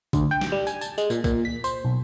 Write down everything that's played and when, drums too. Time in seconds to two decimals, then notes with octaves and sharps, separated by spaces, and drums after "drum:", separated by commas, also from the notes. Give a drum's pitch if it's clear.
0.13 D2, drum: kick B1, tambourine
0.31 G5
0.41 drum: snare
0.52 G3
0.67 G#5, drum: tambourine
0.81 A5, drum: tambourine
0.98 G#3, drum: tambourine
1.10 A#2, drum: tambourine
1.24 A#2, drum: kick B1, tambourine
1.45 B6
1.64 C5, drum: tambourine
1.85 B1